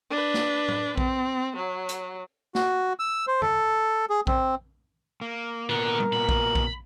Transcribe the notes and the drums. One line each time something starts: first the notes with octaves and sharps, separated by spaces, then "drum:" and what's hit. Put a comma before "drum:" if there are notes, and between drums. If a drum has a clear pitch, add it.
D4 B4
drum: snare A#3
drum: tom
C4, drum: kick A#1
F#3
drum: hi-hat
F#4, drum: snare A#3
E6
C5
A4, drum: tom
G#4
C4, drum: kick A#1
A#3
A#2 D3 B3 A#4
drum: tom G3
A#2 B3 B5
drum: kick A#1
drum: kick A#1